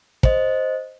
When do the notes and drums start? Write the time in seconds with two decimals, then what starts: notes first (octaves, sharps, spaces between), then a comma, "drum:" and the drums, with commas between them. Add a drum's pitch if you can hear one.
0.23 C5 D#5, drum: kick